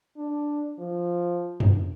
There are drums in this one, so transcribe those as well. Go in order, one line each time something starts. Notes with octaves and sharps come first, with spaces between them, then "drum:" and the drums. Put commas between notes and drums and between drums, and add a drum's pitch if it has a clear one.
D4
F3
drum: tom